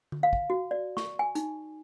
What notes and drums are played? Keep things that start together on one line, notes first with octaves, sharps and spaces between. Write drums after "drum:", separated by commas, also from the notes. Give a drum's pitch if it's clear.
drum: tom D3
F5
drum: kick
F#4
D5
C#6, drum: snare
G#5
D#4, drum: hi-hat